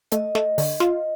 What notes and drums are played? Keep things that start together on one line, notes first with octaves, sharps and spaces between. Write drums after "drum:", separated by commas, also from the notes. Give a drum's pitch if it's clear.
A3 D#5, drum: hi-hat
A3, drum: snare
D3, drum: open hi-hat
F4, drum: snare